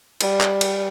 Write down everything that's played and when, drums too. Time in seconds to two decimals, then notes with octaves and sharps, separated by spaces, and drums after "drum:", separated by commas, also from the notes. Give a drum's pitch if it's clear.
0.21 G3, drum: cymbal
0.41 drum: clap
0.61 drum: cymbal